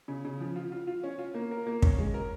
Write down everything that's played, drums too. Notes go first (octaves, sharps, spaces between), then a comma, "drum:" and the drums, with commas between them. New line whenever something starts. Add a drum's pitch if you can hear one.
C#3
C#3
F3
F4
F4
F4
C#4
F4
A#3
A#4
A#3
C#4, drum: kick
G#3
A#4